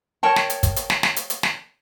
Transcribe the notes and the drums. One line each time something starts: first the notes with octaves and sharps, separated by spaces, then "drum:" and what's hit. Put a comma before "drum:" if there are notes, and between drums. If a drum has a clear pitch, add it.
A#4 C#5 G5 A5
drum: snare
drum: hi-hat
drum: kick, hi-hat
drum: hi-hat
drum: snare
drum: snare
drum: hi-hat
drum: hi-hat
drum: snare